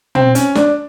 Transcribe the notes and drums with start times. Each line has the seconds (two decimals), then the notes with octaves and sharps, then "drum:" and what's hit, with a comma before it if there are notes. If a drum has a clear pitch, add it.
0.15 C4, drum: tom
0.35 C#4, drum: hi-hat
0.55 D4, drum: snare